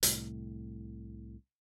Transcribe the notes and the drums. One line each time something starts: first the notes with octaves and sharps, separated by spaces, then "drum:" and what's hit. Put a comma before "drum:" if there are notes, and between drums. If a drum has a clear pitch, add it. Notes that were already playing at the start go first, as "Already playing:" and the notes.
C2 A2, drum: hi-hat